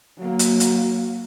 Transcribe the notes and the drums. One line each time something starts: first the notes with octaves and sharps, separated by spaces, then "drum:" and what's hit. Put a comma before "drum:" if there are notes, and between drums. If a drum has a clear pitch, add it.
F#3 A#3
drum: hi-hat
drum: hi-hat